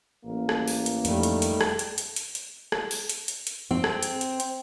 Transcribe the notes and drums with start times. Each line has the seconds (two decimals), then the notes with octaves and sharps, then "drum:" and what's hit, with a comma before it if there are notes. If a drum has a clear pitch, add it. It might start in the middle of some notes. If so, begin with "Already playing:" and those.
0.25 A1 A#3
0.49 drum: rim click
0.68 drum: open hi-hat
0.86 drum: hi-hat
1.05 F2 D#3 G3 A3, drum: hi-hat
1.23 drum: hi-hat
1.42 drum: hi-hat
1.61 drum: rim click
1.79 drum: hi-hat
1.98 drum: hi-hat
2.16 drum: hi-hat
2.35 drum: hi-hat
2.72 drum: rim click
2.91 drum: open hi-hat
3.09 drum: hi-hat
3.28 drum: hi-hat
3.47 drum: hi-hat
3.71 C4
3.84 drum: rim click
4.03 drum: hi-hat
4.21 drum: hi-hat
4.40 drum: hi-hat